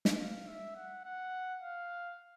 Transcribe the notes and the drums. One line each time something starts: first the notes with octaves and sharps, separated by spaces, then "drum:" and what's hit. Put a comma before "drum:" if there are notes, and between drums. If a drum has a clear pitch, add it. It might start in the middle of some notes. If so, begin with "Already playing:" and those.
drum: snare
F5
E5
F#5
F#5
F5